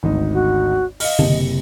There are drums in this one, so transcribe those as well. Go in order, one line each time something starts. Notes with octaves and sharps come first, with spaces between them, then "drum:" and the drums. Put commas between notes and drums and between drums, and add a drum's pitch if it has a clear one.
G#1 D2 D#4
F#4
D#5 F5 F6, drum: open hi-hat
F#1 C3, drum: tom D3